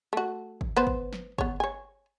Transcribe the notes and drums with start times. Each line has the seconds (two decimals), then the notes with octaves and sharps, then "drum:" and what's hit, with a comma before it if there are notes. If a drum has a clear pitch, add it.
0.13 A3 F#4
0.61 drum: kick
0.76 B3 B4 C5
0.87 drum: kick
1.13 drum: snare
1.38 B3 C#5, drum: kick
1.60 C#5 G#5